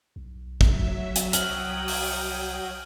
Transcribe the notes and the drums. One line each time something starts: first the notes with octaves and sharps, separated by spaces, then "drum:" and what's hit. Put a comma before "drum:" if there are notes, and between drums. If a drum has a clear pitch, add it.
B1
F#3 E5, drum: kick
drum: hi-hat
C2 F#3 G5 D#6 F6 F#7, drum: hi-hat
drum: open hi-hat